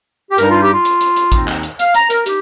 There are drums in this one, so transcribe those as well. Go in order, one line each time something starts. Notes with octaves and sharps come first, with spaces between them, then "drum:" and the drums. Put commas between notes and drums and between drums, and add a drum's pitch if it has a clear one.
G4
G2 G3 D#4 A#4, drum: hi-hat
F4
G4
F4
drum: hi-hat
drum: hi-hat
drum: hi-hat
D#2 D#3 C4 D#4, drum: kick A1, hi-hat
drum: clap
drum: hi-hat
F5, drum: hi-hat
A#5, drum: hi-hat
A#4, drum: hi-hat
D#4 G4, drum: hi-hat